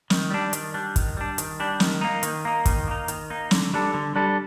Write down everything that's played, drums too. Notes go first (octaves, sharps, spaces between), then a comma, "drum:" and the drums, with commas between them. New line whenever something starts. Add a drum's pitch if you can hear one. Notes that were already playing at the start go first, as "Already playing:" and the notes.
D#3, drum: snare
G3 D4
D#3, drum: hi-hat
G3 D4
D#3, drum: kick, hi-hat
G3 D4
D#3, drum: hi-hat
G3 D4
D#3, drum: snare
A#3 D#4
D#3, drum: hi-hat
A#3 D#4
D#3, drum: kick, hi-hat
A#3 D#4
D#3, drum: hi-hat
A#3 D#4
D3, drum: snare
G3 D4 A4
D3
G3 D4 A4